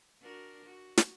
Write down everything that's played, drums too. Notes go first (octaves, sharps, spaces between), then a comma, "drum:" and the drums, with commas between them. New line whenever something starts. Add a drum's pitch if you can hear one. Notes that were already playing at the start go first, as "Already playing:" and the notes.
D4 F#4 A#4
F#4
drum: snare